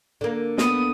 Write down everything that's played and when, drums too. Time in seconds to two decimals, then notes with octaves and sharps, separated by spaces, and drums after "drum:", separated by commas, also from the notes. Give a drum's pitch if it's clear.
0.21 D3 A#3
0.58 B3 D#6, drum: snare